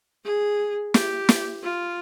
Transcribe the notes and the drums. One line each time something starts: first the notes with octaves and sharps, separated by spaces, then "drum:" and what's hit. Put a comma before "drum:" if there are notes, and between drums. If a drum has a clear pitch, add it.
G#4
G4, drum: snare
drum: snare
F4